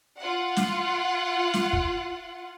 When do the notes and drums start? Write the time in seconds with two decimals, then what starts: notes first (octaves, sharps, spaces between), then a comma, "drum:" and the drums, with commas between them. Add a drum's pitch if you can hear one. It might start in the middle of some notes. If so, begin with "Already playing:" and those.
0.18 F4 F#5
0.57 drum: snare
1.54 drum: snare
1.73 drum: kick